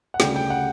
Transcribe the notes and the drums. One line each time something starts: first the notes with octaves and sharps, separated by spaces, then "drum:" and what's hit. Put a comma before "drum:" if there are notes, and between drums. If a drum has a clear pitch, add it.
F#5
D2 C#3 G3 D4 G5, drum: snare
G5
F#5